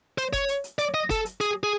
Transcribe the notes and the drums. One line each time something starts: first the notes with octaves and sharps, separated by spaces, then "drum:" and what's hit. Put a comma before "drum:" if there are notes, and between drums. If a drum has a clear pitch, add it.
C5, drum: hi-hat
C#5, drum: kick F#1, hi-hat
drum: hi-hat
drum: hi-hat
D5, drum: hi-hat
D#5
A4, drum: kick F#1, hi-hat
drum: hi-hat
G#4, drum: hi-hat
G#4